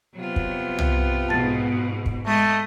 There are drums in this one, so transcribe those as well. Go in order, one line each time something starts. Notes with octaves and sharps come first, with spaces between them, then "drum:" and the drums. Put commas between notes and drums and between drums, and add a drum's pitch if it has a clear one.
C3 F#3 B3 F4
drum: kick
drum: tom
G#2 B2 A5 A6
drum: kick
G#3 A3 D#5